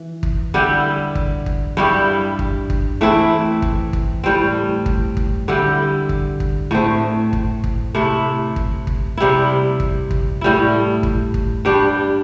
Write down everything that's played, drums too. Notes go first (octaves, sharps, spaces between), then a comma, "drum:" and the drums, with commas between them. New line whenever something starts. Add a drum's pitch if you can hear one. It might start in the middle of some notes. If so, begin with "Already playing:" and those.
Already playing: E3
drum: kick
D3 G3 E4 G4
drum: kick
drum: kick
G2 G3 E4 G4
drum: kick
drum: kick
E3 A3 C4 E4
drum: kick
drum: kick
A2 G3 C4
drum: kick
drum: kick
D3 G3 E4 G4
drum: kick
drum: kick
A2 A3 C4
drum: kick
drum: kick
C3 A3 E4
drum: kick
drum: kick
C3 G3 E4
drum: kick
drum: kick
A2 G3 E4
drum: kick
drum: kick
G2 G3 D4 G4